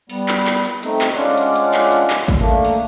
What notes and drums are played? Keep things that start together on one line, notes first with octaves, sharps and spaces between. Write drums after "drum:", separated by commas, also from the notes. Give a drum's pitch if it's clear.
G3 B3, drum: open hi-hat
drum: clap
drum: clap
drum: hi-hat
A3 C4 D#4, drum: hi-hat
drum: clap
G#3 C#4 D4 F4 D5 F#5
drum: hi-hat
drum: hi-hat
drum: clap
drum: hi-hat
drum: clap
drum: kick, hi-hat
A3 A#3 D4
drum: open hi-hat